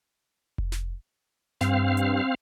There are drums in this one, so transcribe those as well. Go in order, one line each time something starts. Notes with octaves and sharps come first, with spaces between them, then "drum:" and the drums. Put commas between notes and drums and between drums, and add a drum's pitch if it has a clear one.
drum: kick F1
drum: snare
G2 C4 F5, drum: snare
drum: hi-hat